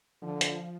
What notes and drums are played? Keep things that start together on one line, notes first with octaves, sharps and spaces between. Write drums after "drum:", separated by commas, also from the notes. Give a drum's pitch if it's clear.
D3 F3
drum: hi-hat